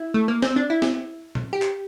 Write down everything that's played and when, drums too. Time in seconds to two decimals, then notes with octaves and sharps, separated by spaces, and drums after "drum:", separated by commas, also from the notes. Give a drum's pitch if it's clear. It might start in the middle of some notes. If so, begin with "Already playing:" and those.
Already playing: E4
0.14 A3
0.28 A#3
0.42 C4, drum: snare
0.56 D4
0.70 E4
0.82 drum: snare
1.35 drum: tom
1.53 G4
1.62 drum: clap